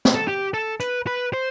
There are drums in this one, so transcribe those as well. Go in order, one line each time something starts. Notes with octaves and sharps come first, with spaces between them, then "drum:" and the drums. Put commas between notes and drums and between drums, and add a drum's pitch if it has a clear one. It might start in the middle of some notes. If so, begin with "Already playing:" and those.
drum: snare
A4
G4
A4
B4, drum: hi-hat
B4
C5